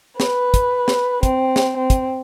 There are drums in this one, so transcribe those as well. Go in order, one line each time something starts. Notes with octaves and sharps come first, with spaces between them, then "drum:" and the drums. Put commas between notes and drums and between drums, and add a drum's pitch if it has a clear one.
B4, drum: snare
drum: kick, hi-hat
drum: snare
C4, drum: kick, hi-hat
drum: snare
C4
drum: kick, hi-hat